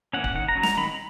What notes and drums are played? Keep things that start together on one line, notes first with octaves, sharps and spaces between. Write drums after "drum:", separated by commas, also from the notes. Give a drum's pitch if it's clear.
E3 A#3 C#4 F#5
F#5, drum: kick
D#3 F#5
A#5
F#3 C#4
A#5, drum: snare
D#3 B5